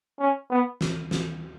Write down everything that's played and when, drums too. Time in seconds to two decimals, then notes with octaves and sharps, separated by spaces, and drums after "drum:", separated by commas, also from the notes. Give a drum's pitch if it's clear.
0.19 C#4
0.50 B3
0.81 drum: snare
1.11 drum: snare